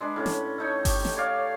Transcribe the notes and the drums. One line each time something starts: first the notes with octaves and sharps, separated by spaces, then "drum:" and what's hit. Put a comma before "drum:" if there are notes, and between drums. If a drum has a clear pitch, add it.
G#3 D4 B4
A2 C#4 D6
drum: snare
A3 D#4 C#5
G4, drum: kick G1, open hi-hat
drum: snare
C#5 D5 F5